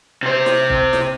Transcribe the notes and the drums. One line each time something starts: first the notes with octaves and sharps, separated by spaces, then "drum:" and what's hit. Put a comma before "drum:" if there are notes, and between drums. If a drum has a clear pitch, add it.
C3 C5
drum: snare
drum: kick B1
drum: snare